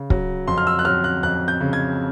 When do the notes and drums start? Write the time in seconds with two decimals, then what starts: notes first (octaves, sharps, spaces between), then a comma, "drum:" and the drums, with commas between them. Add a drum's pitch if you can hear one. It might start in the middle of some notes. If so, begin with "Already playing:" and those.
Already playing: C#3
0.10 F#3, drum: kick
0.48 F2 C6
0.58 F6
0.67 E6
0.79 F#6
0.85 F#3 F6
1.04 F#6
1.23 F2 F#6
1.48 G6
1.60 C#3
1.73 G#6